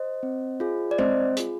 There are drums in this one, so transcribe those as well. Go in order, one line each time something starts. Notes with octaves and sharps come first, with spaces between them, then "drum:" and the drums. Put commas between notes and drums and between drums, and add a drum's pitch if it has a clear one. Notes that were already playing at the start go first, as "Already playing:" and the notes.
Already playing: C5 D#5
C4
F4 G#4
D5
C4 C5 D#5, drum: tom G#3
F4 G#4, drum: hi-hat